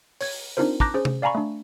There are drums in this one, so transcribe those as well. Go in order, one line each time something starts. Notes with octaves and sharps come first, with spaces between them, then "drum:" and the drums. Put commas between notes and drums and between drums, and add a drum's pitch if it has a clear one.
C#5 G#6, drum: open hi-hat
C4 D4 D#4 F4 A#4 C5
A5 A#5 D6 F#6 G6 A#6, drum: kick
C#4 G#4 C5
drum: tom C3
D5 F5 G#5 A#5 B5 C#6
A3 D4